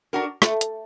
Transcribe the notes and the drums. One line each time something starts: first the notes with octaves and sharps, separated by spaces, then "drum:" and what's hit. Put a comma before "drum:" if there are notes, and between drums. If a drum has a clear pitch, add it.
D4 F#4 A#4
A3, drum: rim click
drum: hi-hat